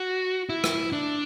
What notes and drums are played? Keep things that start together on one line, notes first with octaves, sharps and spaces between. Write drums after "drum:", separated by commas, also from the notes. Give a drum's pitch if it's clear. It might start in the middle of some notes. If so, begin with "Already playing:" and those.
Already playing: F#4
E4
drum: rim click
D4